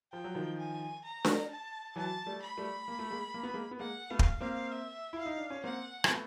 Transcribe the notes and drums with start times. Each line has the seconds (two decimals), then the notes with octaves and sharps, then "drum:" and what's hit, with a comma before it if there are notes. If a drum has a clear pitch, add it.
0.12 F3 G5
0.24 F#3
0.35 D#3 F3
0.59 G#5
1.04 A#5
1.25 drum: snare D4
1.50 A5
1.96 E3 F#3 A5
2.26 G3 A3
2.42 B5
2.58 G3 A3
2.88 A#3
2.99 A3
3.10 G#3 A#3
3.34 A#3
3.43 B3
3.54 G#3 A#3
3.71 B3
3.79 G#3 A#3 F#5
4.10 A3 B3 F5
4.19 drum: kick
4.40 A#3 C4 F5
4.71 E5
5.13 E4 F5
5.26 D#4
5.38 D4
5.50 C#4
5.64 A#3 C4 F#5
6.04 C4, drum: rim click
6.09 A3 B3